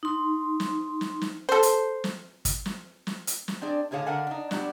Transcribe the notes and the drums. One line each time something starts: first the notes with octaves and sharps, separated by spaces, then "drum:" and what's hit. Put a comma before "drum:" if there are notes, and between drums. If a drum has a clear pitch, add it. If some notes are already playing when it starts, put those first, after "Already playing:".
D#4 C6
drum: snare
drum: snare
drum: snare
A4 C5
drum: hi-hat
drum: snare
drum: kick, hi-hat
drum: snare
drum: snare
drum: hi-hat
drum: snare
C4 D4 G#4 D5
A2 D3 G#4 C#5 F5 A5
D3 A#4 F5 F#5 G#5
D4 D#4
F#3 B3 D4 F#4 G4 D5, drum: snare